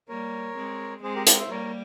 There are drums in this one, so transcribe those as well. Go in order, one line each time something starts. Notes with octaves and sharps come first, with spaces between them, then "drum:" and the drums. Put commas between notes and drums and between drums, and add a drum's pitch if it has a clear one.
G3 A#3 A#4 C#5
G#3 C4
G#3 C4 G#4 C5
G4 A#4
G4 A#4, drum: hi-hat
C5 E5
G3 A#3 A#4 C#5